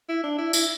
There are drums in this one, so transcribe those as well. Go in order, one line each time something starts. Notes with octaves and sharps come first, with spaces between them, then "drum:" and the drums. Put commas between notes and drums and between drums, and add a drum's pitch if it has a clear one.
E4
D4
E4
E4, drum: tambourine